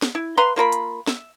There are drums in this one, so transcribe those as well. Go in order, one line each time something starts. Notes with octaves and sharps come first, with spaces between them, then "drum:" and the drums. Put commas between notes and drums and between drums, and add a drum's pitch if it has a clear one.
drum: snare
E4
B4 F5 A#5 C6
A#3 F4 A#4 B5
drum: hi-hat
E5, drum: snare